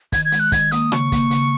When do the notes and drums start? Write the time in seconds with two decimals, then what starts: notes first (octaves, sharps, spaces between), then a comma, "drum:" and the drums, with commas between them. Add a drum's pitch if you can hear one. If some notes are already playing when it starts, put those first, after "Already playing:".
0.12 D#3 G#6, drum: kick, hi-hat
0.25 G#6
0.32 G#3, drum: hi-hat
0.40 F#6
0.52 D#3 G#6, drum: kick, hi-hat
0.72 A#3 D#6, drum: hi-hat
0.92 C#3 C#6, drum: rim click
1.12 A#3, drum: kick, hi-hat
1.31 C#3, drum: hi-hat